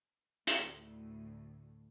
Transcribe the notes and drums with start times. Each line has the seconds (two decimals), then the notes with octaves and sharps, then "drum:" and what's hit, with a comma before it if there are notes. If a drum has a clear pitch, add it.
0.47 D2 A2, drum: hi-hat